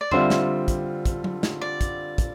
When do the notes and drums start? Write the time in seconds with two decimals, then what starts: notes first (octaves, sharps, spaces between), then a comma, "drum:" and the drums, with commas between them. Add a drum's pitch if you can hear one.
0.01 D5
0.11 D3 G3 C4 F4 C5 E5, drum: tom E2
0.30 drum: snare
0.68 drum: kick, hi-hat
1.06 drum: kick, hi-hat
1.24 drum: tom F#3
1.43 drum: snare
1.61 D5
1.81 drum: kick, hi-hat
2.18 drum: kick, hi-hat